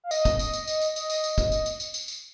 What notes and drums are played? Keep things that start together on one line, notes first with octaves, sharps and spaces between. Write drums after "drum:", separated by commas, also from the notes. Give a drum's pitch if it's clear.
F5
D#5, drum: tambourine
drum: kick, tambourine
drum: tambourine
drum: tambourine
drum: tambourine
drum: tambourine
D#5, drum: tambourine
drum: tambourine
drum: tambourine
drum: kick, tambourine
drum: tambourine
drum: tambourine
drum: tambourine
drum: tambourine
drum: tambourine